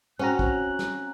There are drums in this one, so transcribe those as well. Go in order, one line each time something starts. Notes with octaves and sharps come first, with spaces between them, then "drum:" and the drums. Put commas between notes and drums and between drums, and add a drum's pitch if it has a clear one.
C4 C#4 F#4 A#5 F#6
drum: kick
drum: snare